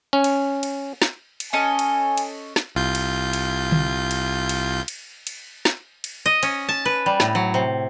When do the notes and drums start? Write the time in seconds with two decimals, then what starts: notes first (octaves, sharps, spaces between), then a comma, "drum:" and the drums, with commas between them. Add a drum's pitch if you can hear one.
0.13 C#4
0.24 drum: cymbal
0.63 drum: cymbal
1.02 drum: snare
1.40 drum: cymbal
1.53 C#4 A4 D#5 G#5
1.79 drum: cymbal
2.18 drum: cymbal
2.56 drum: snare
2.75 C2 F4 G6
2.95 drum: cymbal
3.33 drum: cymbal
3.72 drum: tom D3
4.11 drum: cymbal
4.49 drum: cymbal
4.88 drum: cymbal
5.27 drum: cymbal
5.65 drum: snare
6.04 drum: cymbal
6.26 D#5
6.43 C#4, drum: cymbal
6.69 A5
6.85 B4
7.06 G3
7.20 A2, drum: snare
7.35 F#3
7.54 C3